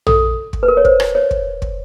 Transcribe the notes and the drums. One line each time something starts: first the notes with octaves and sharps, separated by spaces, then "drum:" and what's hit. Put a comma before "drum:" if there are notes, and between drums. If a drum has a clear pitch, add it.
A4, drum: tom
drum: kick
B4
A#4
C#5
C5, drum: kick
drum: rim click
C#5
drum: kick
drum: kick